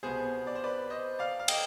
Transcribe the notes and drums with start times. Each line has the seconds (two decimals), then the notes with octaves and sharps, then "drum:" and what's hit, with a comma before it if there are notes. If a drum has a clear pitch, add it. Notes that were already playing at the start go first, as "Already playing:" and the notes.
0.03 C2 B2 B3 G#4 C5
0.47 D5
0.55 C5
0.64 B4 D5
0.90 C5 D#5
1.19 D5 F5
1.39 F5
1.48 D#5 G5, drum: cymbal